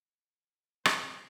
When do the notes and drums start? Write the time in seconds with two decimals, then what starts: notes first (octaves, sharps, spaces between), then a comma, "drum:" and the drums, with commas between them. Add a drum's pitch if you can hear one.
0.85 F2 C3 C5, drum: rim click